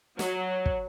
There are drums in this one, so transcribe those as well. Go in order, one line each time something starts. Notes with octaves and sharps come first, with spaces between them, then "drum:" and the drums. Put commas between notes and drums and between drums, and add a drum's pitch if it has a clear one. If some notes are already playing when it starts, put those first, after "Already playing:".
F#3, drum: snare
drum: kick